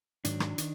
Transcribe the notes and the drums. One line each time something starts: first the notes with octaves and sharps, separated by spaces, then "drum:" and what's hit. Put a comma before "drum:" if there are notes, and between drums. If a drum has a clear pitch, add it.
G#2 D#3 F#3 D4, drum: hi-hat
drum: rim click
D#3, drum: hi-hat